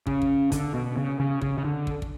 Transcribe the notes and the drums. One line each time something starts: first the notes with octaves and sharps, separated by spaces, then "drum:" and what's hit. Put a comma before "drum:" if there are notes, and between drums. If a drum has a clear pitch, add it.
C#3, drum: kick
drum: kick
D3, drum: kick, hi-hat
B2
C#3
C#3
C#3, drum: kick
C#3
D3
drum: kick
drum: kick